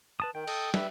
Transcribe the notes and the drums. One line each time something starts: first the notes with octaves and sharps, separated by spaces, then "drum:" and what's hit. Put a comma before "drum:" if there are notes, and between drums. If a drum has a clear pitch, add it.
B4 A5 D#6
D#3 G5
A4 D#5 D#6, drum: cymbal
G3 B4 E5, drum: snare